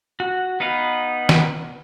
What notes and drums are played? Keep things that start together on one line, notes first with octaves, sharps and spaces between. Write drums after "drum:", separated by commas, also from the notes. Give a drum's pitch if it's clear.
F#4
B3 D#4 B4 F5
drum: snare